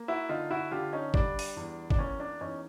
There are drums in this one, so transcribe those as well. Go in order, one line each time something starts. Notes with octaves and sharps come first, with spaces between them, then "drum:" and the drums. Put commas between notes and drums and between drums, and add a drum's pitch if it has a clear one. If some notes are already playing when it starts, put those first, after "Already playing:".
Already playing: A#3
E4 F#4
D3 D#4 F4
E4 F#4
D3 F4 G4
C#4 D#4
G3 D4, drum: kick
drum: open hi-hat
E2
D4, drum: kick
A#3 C#4
D4
E2 C#4 D#4